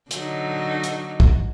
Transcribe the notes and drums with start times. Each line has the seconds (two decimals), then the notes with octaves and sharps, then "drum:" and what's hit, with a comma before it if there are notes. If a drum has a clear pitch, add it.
0.11 D3 F#3 D#4, drum: hi-hat
0.84 drum: hi-hat
1.20 drum: kick